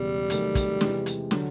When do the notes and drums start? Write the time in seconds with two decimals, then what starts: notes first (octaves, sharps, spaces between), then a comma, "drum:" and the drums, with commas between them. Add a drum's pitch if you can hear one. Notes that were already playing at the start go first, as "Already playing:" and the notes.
Already playing: E1 E2 C#3 G3
0.30 C3 D#3 F#3 A3, drum: hi-hat
0.55 drum: kick, hi-hat
0.81 C3 E3 G#3, drum: snare
1.06 drum: hi-hat
1.31 D3 F#3, drum: snare